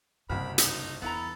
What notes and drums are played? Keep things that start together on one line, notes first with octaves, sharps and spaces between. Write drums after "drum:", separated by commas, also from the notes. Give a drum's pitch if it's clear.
F#1 C2 G2 C4 B5 F6
D#4, drum: hi-hat
E2 E3 B3 E4 A4 A#5